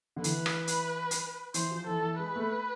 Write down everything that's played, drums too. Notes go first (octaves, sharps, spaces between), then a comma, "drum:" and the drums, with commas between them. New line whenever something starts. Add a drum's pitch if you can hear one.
D3
E3 B4, drum: hi-hat
drum: rim click
drum: hi-hat
drum: hi-hat
E3 C5, drum: hi-hat
F3
E3 A4
E3
G#3 B4
A3